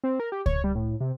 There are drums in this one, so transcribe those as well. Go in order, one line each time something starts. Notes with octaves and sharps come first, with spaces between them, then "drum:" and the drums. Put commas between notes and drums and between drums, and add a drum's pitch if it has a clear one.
C4
A#4
G4
C#5, drum: kick C#2
G3
A2
C3